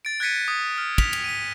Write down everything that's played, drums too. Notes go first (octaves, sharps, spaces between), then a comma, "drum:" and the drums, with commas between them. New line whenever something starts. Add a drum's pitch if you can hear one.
A6 D7
F#6 G#6 A6 B6 C#7 D#7
D#6
F6
B6 F7, drum: kick, cymbal
drum: cymbal
B6 D#7